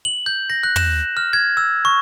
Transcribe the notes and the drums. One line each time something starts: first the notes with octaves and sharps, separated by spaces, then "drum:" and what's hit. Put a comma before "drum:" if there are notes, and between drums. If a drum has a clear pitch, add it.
F#7
G6
A#6
F#6
E7, drum: tom
F6
G#6
E6
C#6